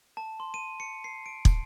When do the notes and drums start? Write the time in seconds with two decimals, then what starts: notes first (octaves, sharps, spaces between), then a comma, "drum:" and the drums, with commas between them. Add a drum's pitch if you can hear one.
0.17 A5
0.40 C6
0.54 D#7
0.80 C#7
1.04 C7
1.26 D7
1.45 drum: kick